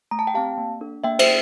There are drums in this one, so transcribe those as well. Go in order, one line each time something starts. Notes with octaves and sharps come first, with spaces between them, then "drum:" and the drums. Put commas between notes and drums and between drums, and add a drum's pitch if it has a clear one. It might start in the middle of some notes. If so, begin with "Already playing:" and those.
A3 A#5
A5
G5
C4 G4 F5 A5
A#3
D4 A4
A#3 E5 G5
C5 E5, drum: cymbal